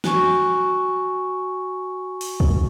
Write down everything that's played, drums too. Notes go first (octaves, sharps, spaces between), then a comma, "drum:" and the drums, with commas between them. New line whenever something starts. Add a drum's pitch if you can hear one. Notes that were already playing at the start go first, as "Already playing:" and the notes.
F#4 G#5 C#6, drum: snare
drum: open hi-hat
drum: kick